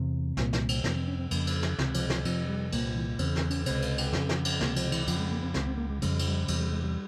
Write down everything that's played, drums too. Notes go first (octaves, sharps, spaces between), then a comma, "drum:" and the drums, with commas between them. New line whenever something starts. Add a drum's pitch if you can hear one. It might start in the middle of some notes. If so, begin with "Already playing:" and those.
Already playing: E2 C3
C2 A#2 C4, drum: snare
drum: snare
drum: cymbal
F2 C3 A#3, drum: snare
C4
C#4
C4
F2 C#3 A#3, drum: cymbal
drum: cymbal
drum: snare
C#2 C3, drum: snare
F3, drum: cymbal
F3, drum: snare
F2 C3 F3, drum: cymbal
G3
C2 A#2 A#3, drum: cymbal
G3
E3
E2 C#3 C4, drum: cymbal
C4, drum: snare
C#4, drum: cymbal
C#2 C3 C4, drum: cymbal
drum: cymbal
drum: cymbal
F2 C#3, drum: snare
drum: snare
drum: cymbal
C#2 C3 A#3, drum: snare
F3, drum: cymbal
E3, drum: cymbal
F2 C#3 F3, drum: cymbal
G#3
A#3
C4
C#2 C#3 C4, drum: snare
C4
A#3
G#3
F2 C#3 G#3, drum: cymbal
G3
F3, drum: cymbal
G3
E2 C3 G3, drum: cymbal
G3
G#3
G3